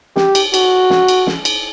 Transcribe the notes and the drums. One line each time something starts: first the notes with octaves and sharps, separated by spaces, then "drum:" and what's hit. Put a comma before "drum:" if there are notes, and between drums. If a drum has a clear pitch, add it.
G4, drum: snare
drum: cymbal
F#4, drum: cymbal
drum: snare
drum: cymbal
drum: snare
drum: cymbal